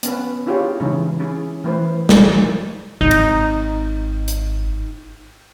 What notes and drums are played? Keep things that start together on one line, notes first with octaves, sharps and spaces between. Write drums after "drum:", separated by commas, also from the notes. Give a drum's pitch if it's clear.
B3 C#4 B4, drum: hi-hat
D4 E4 F4 G4 G#4 C#5
C#3 E3 G#3 C#4 D#4 C#5
C#4 E4 G#4
E3 A3 E4 B4 C5
drum: snare
G#1 D#4
drum: cymbal
drum: hi-hat